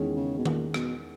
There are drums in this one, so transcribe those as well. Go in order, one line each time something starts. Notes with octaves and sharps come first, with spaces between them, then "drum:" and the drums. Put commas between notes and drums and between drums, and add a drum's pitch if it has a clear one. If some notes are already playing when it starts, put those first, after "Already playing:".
Already playing: E2 D#3 G#3 C#4 G#4
C#3
B2
A#2, drum: tom D#3
B2, drum: rim click